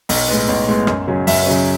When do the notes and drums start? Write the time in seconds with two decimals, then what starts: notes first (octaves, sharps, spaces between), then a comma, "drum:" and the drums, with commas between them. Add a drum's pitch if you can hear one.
0.09 B1, drum: open hi-hat
0.28 A2 G#3 B3
0.49 B1
0.68 A2 G#3 B3
0.87 F#2, drum: rim click
1.07 C#3 F#3 C#4
1.27 F#2 E5, drum: open hi-hat
1.46 C#3 F#3 C#4